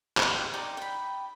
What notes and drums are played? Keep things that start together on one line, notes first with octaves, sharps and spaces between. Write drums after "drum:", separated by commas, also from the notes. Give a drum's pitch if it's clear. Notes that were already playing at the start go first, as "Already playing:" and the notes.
G4 C5, drum: clap
D#4 D5 G5
G5 B5